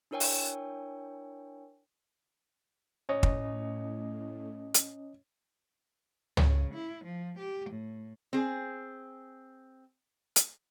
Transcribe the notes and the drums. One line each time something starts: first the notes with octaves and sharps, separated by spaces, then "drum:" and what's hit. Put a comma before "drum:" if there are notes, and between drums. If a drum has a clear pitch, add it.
D4 E4 A#4 C#5 G5 G#5
drum: open hi-hat
A2 C#4 C#5 D#5
drum: kick
drum: hi-hat
C#3, drum: tom C#2
E4
F3
G4
A2
C4 G#4
drum: hi-hat